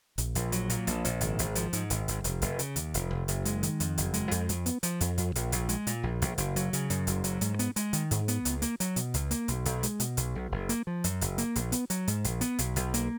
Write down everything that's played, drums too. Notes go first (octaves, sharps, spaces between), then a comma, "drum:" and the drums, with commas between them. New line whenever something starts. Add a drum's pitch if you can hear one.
A#1, drum: hi-hat
A#1, drum: hi-hat
F#3, drum: hi-hat
A#2, drum: hi-hat
A#1, drum: hi-hat
A#1, drum: hi-hat
G#1, drum: hi-hat
G#1, drum: hi-hat
F3, drum: hi-hat
G#2, drum: hi-hat
G#1, drum: hi-hat
G#1, drum: hi-hat
F1, drum: hi-hat
F1, drum: hi-hat
C#3, drum: hi-hat
D#2, drum: hi-hat
F1, drum: hi-hat
F1
F#1, drum: hi-hat
G#3, drum: hi-hat
D#3, drum: hi-hat
F2, drum: hi-hat
F#1, drum: hi-hat
G#3, drum: hi-hat
F2, drum: hi-hat
F2, drum: hi-hat
B3, drum: hi-hat
F3, drum: hi-hat
F2, drum: hi-hat
F2, drum: hi-hat
A#1, drum: hi-hat
A#1, drum: hi-hat
G#3, drum: hi-hat
A#2, drum: hi-hat
A#1
A#1, drum: hi-hat
F#1, drum: hi-hat
F#3, drum: hi-hat
C#3, drum: hi-hat
F#2, drum: hi-hat
F#1, drum: hi-hat
F#3, drum: hi-hat
G#2, drum: hi-hat
B3, drum: hi-hat
G#3, drum: hi-hat
D#3, drum: hi-hat
G#2, drum: hi-hat
B3, drum: hi-hat
C#2, drum: hi-hat
A#3, drum: hi-hat
F#3, drum: hi-hat
B2, drum: hi-hat
C#2, drum: hi-hat
A#3, drum: hi-hat
B1, drum: hi-hat
B1, drum: hi-hat
G#3, drum: hi-hat
B2, drum: hi-hat
B1, drum: hi-hat
B1
F#1
A#3, drum: hi-hat
F3
F#2, drum: hi-hat
F#1, drum: hi-hat
A#3, drum: hi-hat
A#1, drum: hi-hat
B3, drum: hi-hat
F#3, drum: hi-hat
G#2, drum: hi-hat
A#1, drum: hi-hat
B3, drum: hi-hat
B1, drum: hi-hat
B1, drum: hi-hat
A#3, drum: hi-hat